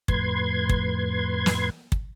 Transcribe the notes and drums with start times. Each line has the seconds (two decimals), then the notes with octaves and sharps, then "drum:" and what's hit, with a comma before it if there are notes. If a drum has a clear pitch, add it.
0.08 F2 A2 B4 C6 G#6, drum: kick
0.69 drum: kick
1.46 drum: snare
1.92 drum: kick